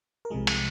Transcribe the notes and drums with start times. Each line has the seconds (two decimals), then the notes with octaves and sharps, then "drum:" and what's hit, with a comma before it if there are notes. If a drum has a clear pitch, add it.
0.25 A#4
0.30 C2 C3 F3 G#3 G#4
0.47 drum: cymbal